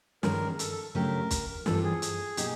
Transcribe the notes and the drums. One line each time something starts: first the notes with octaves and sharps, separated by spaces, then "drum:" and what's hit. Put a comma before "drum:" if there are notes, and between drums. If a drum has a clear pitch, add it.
G2 D#3 G#3 C#4 A#4, drum: snare
A4, drum: hi-hat
A4
C#3 F#3 A3 D4 G4 A#4
drum: kick, hi-hat
G2 E3 G3 C4 F4 A4, drum: snare
G#4
drum: hi-hat
B2 F#3 A#3 D#4 G4, drum: hi-hat